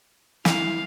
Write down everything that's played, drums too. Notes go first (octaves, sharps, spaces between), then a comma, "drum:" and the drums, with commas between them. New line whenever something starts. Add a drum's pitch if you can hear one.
E4 F5, drum: snare